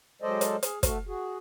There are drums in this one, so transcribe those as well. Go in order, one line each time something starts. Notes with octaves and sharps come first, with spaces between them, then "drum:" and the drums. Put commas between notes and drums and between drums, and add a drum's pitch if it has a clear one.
F#3 G#3 A4 C5 D5 D#5
drum: hi-hat
G#4, drum: hi-hat
A3 F#4 A4, drum: kick, hi-hat
F#4 G#4